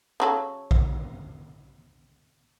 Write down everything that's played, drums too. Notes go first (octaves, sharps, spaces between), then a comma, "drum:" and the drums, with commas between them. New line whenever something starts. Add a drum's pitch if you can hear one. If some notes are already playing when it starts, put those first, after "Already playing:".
C#3 F#3 A4
drum: kick A#1